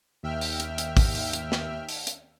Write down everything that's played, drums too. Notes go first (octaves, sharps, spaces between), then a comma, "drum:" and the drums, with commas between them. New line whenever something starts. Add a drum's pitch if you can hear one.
D#2 E5 G5 F6
drum: open hi-hat
drum: hi-hat
drum: hi-hat
drum: kick, open hi-hat
drum: open hi-hat
drum: hi-hat
drum: snare
drum: open hi-hat
drum: hi-hat